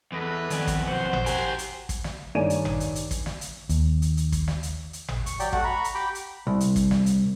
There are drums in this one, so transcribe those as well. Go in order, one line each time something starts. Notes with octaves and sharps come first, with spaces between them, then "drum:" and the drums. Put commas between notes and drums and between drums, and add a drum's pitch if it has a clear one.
E2 A4 B4 D#5
F2 D#3 B3 D5 G#5, drum: hi-hat
drum: kick, hi-hat
B1 F#4 C5 F#5
drum: tom G#1
G4 A#4 G#5, drum: hi-hat
drum: hi-hat
drum: kick, hi-hat
drum: snare
G2 D#3 C#5 D5 G#5 D#7
drum: hi-hat
drum: tom G#1
drum: hi-hat
drum: hi-hat
drum: kick, hi-hat
drum: snare
drum: hi-hat
D#2, drum: hi-hat
drum: hi-hat
drum: hi-hat
drum: kick, hi-hat
drum: snare
drum: hi-hat
drum: hi-hat
drum: tom G#1
C#6, drum: hi-hat
F#3 G4 D5 G5, drum: hi-hat
A3 F#4 F#5, drum: kick
A#5 B5 C#6
drum: hi-hat
G4 G5 B5 D6
drum: hi-hat
C2
drum: hi-hat
drum: kick, hi-hat
drum: snare
drum: hi-hat